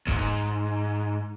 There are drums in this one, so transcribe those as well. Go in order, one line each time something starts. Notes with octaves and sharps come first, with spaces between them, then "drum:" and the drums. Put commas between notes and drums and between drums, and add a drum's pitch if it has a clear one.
D#2 G#2, drum: kick F1